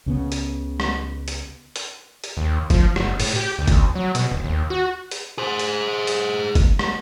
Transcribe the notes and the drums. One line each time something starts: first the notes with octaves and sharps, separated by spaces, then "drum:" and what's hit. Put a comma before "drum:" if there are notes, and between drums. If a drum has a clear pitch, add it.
C#2 C#3 B3
drum: hi-hat
drum: rim click
drum: hi-hat
drum: hi-hat
drum: hi-hat
D#2
F3, drum: kick, hi-hat
F#1, drum: rim click
A2, drum: open hi-hat
G4
D2
drum: kick, hi-hat
F#3
B2, drum: hi-hat
D1
D#2
F#4
drum: hi-hat
G#4 C5
drum: hi-hat
drum: hi-hat
drum: kick, hi-hat
drum: rim click